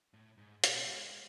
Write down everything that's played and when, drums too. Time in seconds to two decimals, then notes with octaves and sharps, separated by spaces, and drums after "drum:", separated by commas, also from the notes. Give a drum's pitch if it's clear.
0.14 A2
0.38 G#2
0.64 B2, drum: hi-hat
0.86 G#3